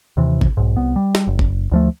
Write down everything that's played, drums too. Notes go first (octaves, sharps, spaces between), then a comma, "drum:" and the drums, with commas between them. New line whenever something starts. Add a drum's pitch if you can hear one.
D#2 C3 E3
drum: kick G#1
B1 G#2
C2 B3
G3
drum: snare
F#1
drum: kick G#1
D2 F3 A3